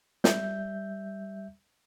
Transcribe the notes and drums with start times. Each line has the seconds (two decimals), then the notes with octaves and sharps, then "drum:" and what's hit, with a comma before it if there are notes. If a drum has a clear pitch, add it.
0.24 G3 E5 G6, drum: snare